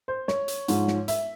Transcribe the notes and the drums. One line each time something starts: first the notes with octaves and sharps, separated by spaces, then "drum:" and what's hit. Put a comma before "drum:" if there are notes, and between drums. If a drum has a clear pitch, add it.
C5
C#5, drum: snare
drum: hi-hat
G#2 F3 G#3, drum: hi-hat
drum: snare
E5, drum: hi-hat